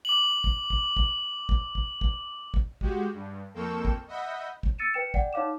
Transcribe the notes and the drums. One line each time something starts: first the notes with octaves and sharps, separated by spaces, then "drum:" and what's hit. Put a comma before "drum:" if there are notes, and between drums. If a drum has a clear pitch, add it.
D6 F#7
drum: kick
drum: kick
drum: kick
drum: kick
drum: kick
drum: kick
drum: kick
G#3 F#4 G4, drum: kick
G2
F2 A#3 A4 G5 C#6 E7
drum: kick
D#5 E5 F#5 B5 G6 A#6
drum: kick
E6 A6 C#7 D#7 E7
B4 G5 C#7 E7
D5 F#5 G5, drum: kick
D#4 C#5 F5 D6 E7